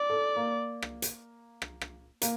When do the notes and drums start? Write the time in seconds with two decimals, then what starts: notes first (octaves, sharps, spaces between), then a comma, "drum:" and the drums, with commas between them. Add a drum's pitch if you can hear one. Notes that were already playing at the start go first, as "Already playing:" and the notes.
Already playing: D5
0.10 A4
0.36 A#3
0.82 drum: rim click
1.02 drum: hi-hat
1.62 drum: rim click
1.81 drum: rim click
2.22 A#3, drum: hi-hat